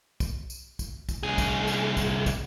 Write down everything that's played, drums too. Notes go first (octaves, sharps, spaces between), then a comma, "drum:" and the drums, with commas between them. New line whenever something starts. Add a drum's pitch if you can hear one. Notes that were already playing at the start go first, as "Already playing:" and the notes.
drum: kick, tambourine
drum: tambourine
drum: kick, tambourine
drum: kick, tambourine
C2 G#4
drum: kick, tambourine
drum: tambourine
drum: kick, tambourine
drum: kick, tambourine